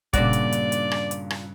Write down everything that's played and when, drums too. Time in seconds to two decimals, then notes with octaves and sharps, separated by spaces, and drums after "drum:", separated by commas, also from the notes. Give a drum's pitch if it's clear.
0.13 G2 A#2 C#3 D4 F#4 D5, drum: kick, hi-hat
0.33 drum: hi-hat
0.52 drum: hi-hat
0.72 drum: hi-hat
0.91 drum: rim click
1.11 drum: hi-hat
1.30 drum: rim click